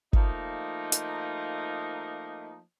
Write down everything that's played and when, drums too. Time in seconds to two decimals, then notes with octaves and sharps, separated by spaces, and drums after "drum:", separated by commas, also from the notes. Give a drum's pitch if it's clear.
0.13 F3 A3 A#3 D#4, drum: kick
0.92 drum: hi-hat